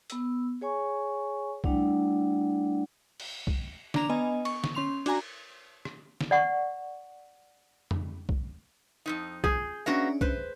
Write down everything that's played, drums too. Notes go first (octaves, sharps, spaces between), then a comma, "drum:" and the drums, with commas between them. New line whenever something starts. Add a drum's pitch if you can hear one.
B3 E6, drum: hi-hat
G#4 C#5 G#5 C#6
G3 A3 D4 E4 D5 F#5, drum: kick B1
drum: cymbal
drum: kick B1
D4 A#5 F7, drum: snare
B3 D#5 G#5
C#6, drum: cymbal
drum: snare
C#4 C6 F7
D4 F#4 G#5 A#5, drum: cymbal
drum: rim click
drum: snare
D5 F#5 C#6
drum: tom F2
drum: kick B1
F2 C#3 D#4
G#4 G6, drum: kick B1
A#3 B3 C#4 D4 F#4 E5
B4 C5, drum: kick B1